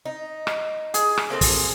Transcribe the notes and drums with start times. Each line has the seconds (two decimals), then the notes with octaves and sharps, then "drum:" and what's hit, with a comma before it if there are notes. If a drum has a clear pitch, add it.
0.05 D#4
0.47 drum: rim click
0.94 G#4, drum: hi-hat
1.17 drum: rim click
1.30 A#3 C4 A4
1.41 drum: kick, open hi-hat